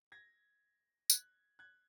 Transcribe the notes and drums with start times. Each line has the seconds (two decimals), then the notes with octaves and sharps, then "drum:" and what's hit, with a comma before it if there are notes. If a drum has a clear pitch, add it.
0.12 G#6 A#6
1.10 F#6 G#6, drum: tambourine
1.59 F#6 G#6